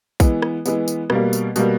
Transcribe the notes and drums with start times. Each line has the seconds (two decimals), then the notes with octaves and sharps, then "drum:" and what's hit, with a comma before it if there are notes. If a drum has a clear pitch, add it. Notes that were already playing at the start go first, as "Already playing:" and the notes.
0.20 E3 G#3 B3, drum: kick A#1, tambourine
0.42 drum: rim click
0.66 E3 G#3 B3, drum: tambourine
0.88 drum: tambourine
1.10 B2 G3 A#3, drum: rim click
1.33 drum: tambourine
1.56 B2 G3 A#3, drum: tambourine